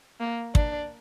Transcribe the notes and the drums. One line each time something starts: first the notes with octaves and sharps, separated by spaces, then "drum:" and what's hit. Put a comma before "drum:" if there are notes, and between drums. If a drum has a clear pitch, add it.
A#3
D4, drum: kick